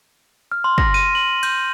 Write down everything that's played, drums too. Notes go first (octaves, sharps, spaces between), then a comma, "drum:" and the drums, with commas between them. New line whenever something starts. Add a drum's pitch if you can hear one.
F6
C6
A#6, drum: kick
D#7
F#7
G6, drum: cymbal